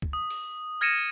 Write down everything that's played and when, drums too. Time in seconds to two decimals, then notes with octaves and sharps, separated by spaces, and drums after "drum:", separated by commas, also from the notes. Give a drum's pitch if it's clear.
0.02 drum: kick
0.13 D#6
0.30 drum: open hi-hat
0.81 F6 G#6 A#6 C#7 D#7 E7